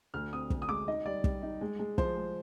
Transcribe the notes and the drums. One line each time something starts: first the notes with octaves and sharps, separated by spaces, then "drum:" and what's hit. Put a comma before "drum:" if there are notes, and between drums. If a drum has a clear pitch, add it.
D2 F6
C4 D#6
D2, drum: kick
D#6
G#3 D6
D#4 D#5
G3 D5
G3, drum: kick
D#4
G#3
G#3
F3 C5, drum: kick
G#3